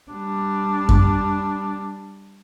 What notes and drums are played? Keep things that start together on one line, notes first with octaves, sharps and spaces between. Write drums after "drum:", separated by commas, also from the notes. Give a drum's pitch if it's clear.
G3 D4
drum: kick F#2